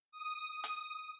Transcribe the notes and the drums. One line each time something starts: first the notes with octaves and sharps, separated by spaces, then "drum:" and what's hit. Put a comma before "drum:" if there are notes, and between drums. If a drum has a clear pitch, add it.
D#6
drum: hi-hat